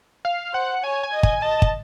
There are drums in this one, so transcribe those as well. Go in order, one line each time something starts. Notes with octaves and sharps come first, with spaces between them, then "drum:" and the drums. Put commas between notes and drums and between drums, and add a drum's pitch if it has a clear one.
F5
C5 F#5
C#5 G#5
G#5
D#5
G#5, drum: kick
D#5 A5
drum: kick